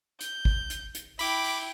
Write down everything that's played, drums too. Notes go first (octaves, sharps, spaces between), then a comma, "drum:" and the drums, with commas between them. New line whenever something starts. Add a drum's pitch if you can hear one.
G6, drum: hi-hat
drum: kick G#1
drum: hi-hat
drum: hi-hat
E4 G5 B5 D6, drum: open hi-hat
drum: open hi-hat